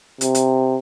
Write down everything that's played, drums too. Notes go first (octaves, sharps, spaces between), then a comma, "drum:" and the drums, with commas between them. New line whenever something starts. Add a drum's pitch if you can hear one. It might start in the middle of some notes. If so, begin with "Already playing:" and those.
C3, drum: hi-hat
drum: hi-hat